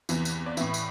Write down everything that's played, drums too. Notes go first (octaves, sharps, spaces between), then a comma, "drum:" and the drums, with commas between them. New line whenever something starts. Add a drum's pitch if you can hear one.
E2 C3 E3, drum: tambourine
drum: tambourine
D5
A2 E3 E5, drum: tambourine
drum: tambourine